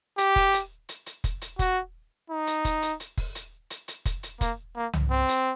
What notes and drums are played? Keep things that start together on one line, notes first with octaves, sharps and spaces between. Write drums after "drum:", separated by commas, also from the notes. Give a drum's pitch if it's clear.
G4, drum: hi-hat
drum: kick F1, open hi-hat
drum: hi-hat
drum: hi-hat
drum: hi-hat
drum: kick F1, hi-hat
drum: hi-hat
F#4, drum: kick F1, hi-hat
D#4
drum: hi-hat
drum: kick F1, hi-hat
drum: hi-hat
drum: hi-hat
drum: kick F1, open hi-hat
drum: hi-hat
drum: hi-hat
drum: hi-hat
drum: kick F1, hi-hat
drum: hi-hat
A#3, drum: kick F1, hi-hat
A#3
drum: tom C2
C4
drum: hi-hat